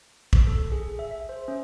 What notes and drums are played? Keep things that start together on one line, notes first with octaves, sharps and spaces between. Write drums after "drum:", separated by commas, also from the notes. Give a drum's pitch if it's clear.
drum: kick
A4
G#4
E5
E5
C5
C#4